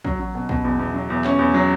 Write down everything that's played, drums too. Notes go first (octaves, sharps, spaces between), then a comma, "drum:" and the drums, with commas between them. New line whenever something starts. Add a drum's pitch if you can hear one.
F#3, drum: kick
F#3
B2
B2, drum: kick
E2
E2
F#3
E2
C#4, drum: clap
E2
F#3